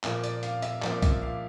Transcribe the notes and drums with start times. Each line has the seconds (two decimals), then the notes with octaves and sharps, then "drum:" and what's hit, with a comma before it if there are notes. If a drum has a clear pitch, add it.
0.04 A#2 F3 A#3, drum: clap
0.24 D5, drum: hi-hat
0.43 F5, drum: hi-hat
0.62 E5, drum: hi-hat
0.82 A#2 F3 A#3 D5, drum: clap
1.02 E5, drum: kick B1, hi-hat
1.22 F5